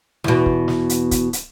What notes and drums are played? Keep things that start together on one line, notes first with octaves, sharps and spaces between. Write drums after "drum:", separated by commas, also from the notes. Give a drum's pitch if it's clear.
E2 B2, drum: snare
drum: kick
drum: snare
drum: hi-hat
drum: kick, hi-hat
drum: hi-hat